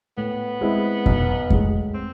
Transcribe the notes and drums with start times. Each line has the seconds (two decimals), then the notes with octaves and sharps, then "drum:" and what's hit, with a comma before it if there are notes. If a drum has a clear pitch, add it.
0.17 A2 B3
0.61 G#3 C4 E4
1.06 B1, drum: kick F2
1.50 A2 G#3, drum: kick F2
1.94 C4